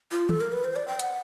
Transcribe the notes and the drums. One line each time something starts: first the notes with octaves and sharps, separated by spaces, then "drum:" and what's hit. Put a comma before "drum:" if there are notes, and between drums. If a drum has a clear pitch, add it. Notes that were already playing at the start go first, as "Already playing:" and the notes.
F4
A4, drum: tom
A#4
B4
C5
D5
G5
F#5, drum: hi-hat